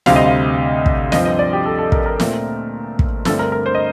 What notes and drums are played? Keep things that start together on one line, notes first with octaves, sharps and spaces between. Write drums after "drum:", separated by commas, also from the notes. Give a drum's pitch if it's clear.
D2 C3 G3 C4 F5, drum: snare
D#5
F5
drum: kick
G2 F3 C4 D#5, drum: snare
D#5
D5
G4
A4
A4
A#4, drum: kick
A#4
A#2 A3 C4, drum: snare
drum: kick
G2 D3 A3 C4 A4, drum: snare
A#4
A#4
C5
D#5